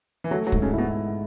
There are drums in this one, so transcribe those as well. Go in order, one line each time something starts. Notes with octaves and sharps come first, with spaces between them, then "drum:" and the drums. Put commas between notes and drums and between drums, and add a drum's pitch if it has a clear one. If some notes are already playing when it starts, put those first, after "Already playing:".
E3
F#3 A3
F#3
G#2, drum: kick
C#3
B2 E4